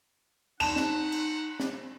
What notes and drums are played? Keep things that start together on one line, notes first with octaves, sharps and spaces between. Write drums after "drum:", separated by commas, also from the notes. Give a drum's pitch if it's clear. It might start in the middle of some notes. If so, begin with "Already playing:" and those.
D#4 F#5 A5 E7, drum: cymbal
drum: snare
drum: cymbal
drum: snare